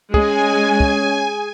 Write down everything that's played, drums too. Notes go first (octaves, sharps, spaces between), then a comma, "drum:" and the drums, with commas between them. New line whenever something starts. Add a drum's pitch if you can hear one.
G#3 C#4 G#4 G#5, drum: kick
drum: kick